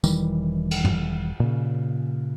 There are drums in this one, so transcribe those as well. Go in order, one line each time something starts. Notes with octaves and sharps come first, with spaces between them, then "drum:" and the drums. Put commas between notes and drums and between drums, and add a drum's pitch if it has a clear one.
E1 D#3 E3 G3, drum: tambourine
drum: cymbal
drum: tom
A#2 C#3